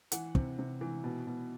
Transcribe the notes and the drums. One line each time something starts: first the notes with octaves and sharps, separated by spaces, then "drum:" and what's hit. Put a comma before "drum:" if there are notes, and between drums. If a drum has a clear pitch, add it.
E3 F#5, drum: hi-hat
C3, drum: kick
C3
E3
B2
B2